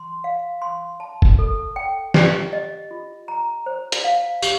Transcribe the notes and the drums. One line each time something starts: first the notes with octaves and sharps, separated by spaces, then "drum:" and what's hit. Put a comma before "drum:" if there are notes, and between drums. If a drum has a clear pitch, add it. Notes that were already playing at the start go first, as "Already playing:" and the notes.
Already playing: C6
F5
C6
A5
drum: kick
A4
G5
G4, drum: snare
D#5
F4
A#5
C5
drum: hi-hat
F5
G4, drum: tambourine